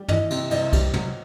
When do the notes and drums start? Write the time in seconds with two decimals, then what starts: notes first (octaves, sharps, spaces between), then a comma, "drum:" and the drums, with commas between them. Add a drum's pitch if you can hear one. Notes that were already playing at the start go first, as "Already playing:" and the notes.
Already playing: G3
0.08 E3 D#5, drum: tom
0.30 C3, drum: cymbal
0.51 C2 D#5, drum: cymbal
0.73 G3, drum: kick C2, cymbal
0.94 F#3, drum: tom